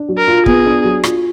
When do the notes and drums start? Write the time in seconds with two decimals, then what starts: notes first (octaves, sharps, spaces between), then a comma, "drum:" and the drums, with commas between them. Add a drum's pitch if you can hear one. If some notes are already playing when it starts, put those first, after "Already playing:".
Already playing: D4
0.09 F#3
0.18 A#4
0.28 F4
0.46 B3 G#4, drum: kick
0.66 D4
0.84 F#3
1.04 F4, drum: rim click